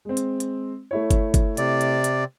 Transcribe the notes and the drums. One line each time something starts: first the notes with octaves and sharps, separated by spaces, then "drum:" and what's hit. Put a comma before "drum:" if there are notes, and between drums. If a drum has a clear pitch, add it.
G#3 C4
drum: hi-hat
drum: hi-hat
A3 E4 C#5
drum: kick G1, hi-hat
drum: kick G1, hi-hat
C3 D5, drum: hi-hat
drum: hi-hat
drum: hi-hat